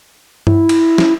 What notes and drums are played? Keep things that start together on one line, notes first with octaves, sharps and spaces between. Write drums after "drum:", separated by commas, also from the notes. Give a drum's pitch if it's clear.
E4, drum: tom G2
drum: cymbal
drum: snare